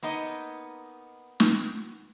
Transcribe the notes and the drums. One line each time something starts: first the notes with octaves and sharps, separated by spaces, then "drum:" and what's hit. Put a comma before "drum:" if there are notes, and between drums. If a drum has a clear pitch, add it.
A#3 B3 D#4 D#5
drum: snare